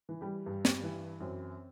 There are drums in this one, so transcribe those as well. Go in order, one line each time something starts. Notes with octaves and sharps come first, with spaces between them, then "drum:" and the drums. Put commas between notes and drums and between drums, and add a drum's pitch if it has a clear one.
E3
G3 G4
G2
drum: snare
E3
F#2 C4